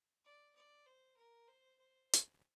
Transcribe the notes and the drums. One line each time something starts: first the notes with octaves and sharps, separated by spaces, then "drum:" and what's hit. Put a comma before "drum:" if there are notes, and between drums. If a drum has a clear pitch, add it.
D5
D5
C5
A#4
C5
C5
drum: hi-hat